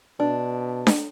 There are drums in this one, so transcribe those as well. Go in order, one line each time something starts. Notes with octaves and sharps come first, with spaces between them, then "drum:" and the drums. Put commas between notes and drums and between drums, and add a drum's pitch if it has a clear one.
B2 D4
drum: snare D4